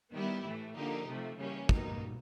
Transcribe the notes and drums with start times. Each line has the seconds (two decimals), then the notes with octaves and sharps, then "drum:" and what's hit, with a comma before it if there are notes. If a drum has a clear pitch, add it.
0.12 D#3 G3 B3 E4 G4
0.44 A2 E3 A3
0.75 D3 F3 A#3 D#4 G4
1.07 C3 F3 A3
1.38 C#3 E3 G3 A#3 C#4
1.69 B2 G3 A#3 D#4, drum: kick